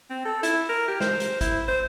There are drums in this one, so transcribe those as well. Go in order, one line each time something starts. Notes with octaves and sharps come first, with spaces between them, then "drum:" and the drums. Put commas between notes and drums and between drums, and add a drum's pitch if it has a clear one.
C4
A4
E4, drum: hi-hat
A#4
G4
C5, drum: snare
drum: hi-hat
E4, drum: kick, hi-hat
C5